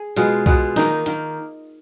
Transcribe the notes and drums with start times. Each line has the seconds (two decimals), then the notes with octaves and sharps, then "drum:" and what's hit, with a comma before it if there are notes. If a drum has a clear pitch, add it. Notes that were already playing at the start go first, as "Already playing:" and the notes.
Already playing: G#4
0.16 B2 G#3 B3 F4, drum: hi-hat
0.46 B2 G#3 B3, drum: kick
0.76 D#3 A#3 D#4, drum: snare
1.06 D#3 A#3, drum: hi-hat